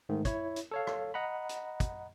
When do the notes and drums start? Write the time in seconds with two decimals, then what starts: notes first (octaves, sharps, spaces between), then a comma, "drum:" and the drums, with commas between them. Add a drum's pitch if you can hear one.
0.09 G#2 D#3 A3
0.25 E4 C#5, drum: kick, hi-hat
0.56 drum: hi-hat
0.71 A4 C#5 F5
0.87 drum: rim click
1.14 D#5 F#5 A#5 B5
1.49 drum: hi-hat
1.80 drum: kick, hi-hat